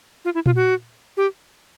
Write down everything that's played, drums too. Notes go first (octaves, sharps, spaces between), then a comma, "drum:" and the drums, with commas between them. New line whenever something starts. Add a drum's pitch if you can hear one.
F4
E4
F4, drum: tom A#2
F#4
G4